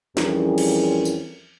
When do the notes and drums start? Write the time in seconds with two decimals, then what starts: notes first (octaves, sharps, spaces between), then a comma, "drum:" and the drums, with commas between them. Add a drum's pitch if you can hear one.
0.17 F2 E3 G3 C#4 G#4 A#4, drum: snare
0.58 drum: cymbal
1.05 drum: tambourine